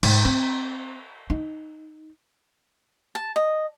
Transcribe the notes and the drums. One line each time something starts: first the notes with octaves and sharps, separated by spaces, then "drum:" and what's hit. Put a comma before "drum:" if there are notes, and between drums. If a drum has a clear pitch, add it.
G#2, drum: cymbal
C4
D#4
A5
D#5